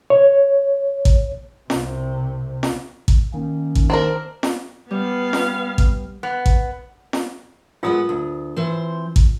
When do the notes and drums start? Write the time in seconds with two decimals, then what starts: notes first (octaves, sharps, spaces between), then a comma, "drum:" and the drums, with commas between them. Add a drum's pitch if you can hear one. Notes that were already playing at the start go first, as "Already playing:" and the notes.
0.10 C#5
1.05 drum: kick A1
1.70 C2 C3, drum: snare
2.63 drum: snare
3.08 drum: kick A1
3.34 D#3 A#3 C#4
3.75 drum: kick A1
3.90 C4 D4 A#4
4.43 drum: snare
4.91 G3 B3 F5
5.33 drum: snare
5.78 drum: kick A1
6.23 B3
6.46 drum: kick A1
7.13 drum: snare
7.83 G#3 B3 F4 A#4 F#5 D#6
8.09 D2
8.56 E3 C4 C5
9.16 drum: kick A1